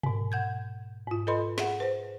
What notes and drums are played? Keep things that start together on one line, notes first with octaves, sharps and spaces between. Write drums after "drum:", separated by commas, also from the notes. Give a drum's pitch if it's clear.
G#2 B2, drum: tom B2
F#5 G6 G#6
G#2 F4
A4 B4 D#5 B5 C6
G#4 E5 F#5, drum: snare
B4 C5